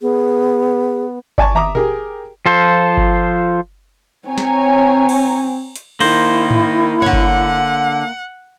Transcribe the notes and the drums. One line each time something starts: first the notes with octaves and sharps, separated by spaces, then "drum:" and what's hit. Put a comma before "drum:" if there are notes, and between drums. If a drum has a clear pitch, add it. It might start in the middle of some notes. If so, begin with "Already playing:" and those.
B3 G#4
D5 G#5 A5 C#6, drum: kick G1
E5 A#5 D6 D#6, drum: tom
G4 G#4 A#4, drum: tom A#2
F3 F4 A4 C5
drum: kick G1
C4 C#5 G#5 A#5
drum: snare
drum: cymbal
drum: hi-hat
D#3 A#3 E4 C5, drum: cymbal
drum: tom G#2
D3 C#5 F#5
drum: kick G1